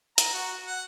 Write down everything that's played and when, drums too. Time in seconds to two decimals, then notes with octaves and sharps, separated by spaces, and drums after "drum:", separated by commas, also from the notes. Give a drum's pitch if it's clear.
0.18 A#5, drum: hi-hat
0.34 F#4
0.66 F#5